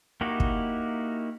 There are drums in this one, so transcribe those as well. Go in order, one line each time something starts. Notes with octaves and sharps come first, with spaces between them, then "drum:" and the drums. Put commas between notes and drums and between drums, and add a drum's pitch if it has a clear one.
A#3 D#4 E4 F#4 G4
drum: kick